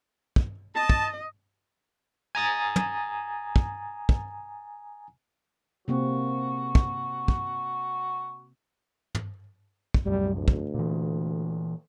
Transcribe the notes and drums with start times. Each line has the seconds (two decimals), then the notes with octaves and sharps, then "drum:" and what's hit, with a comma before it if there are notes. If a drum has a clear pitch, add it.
0.36 drum: kick
0.75 D#5 A5
0.90 drum: kick
2.35 G#5 A#5 D#6 A6
2.76 drum: tom
3.56 drum: kick
4.09 drum: kick
5.88 C3 A#3 C4 F#4
6.75 drum: kick
7.28 drum: kick
9.15 drum: tom
9.94 drum: kick
10.06 C2 F#2 A2 G3
10.37 D2
10.48 drum: kick
10.74 A#2 E3